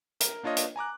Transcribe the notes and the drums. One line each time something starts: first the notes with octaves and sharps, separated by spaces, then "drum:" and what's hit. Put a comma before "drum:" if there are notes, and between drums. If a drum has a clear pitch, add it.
A#4, drum: hi-hat
A#3 D4 F4 C#5 D#5
drum: hi-hat
G#5 A#5 D6 F#6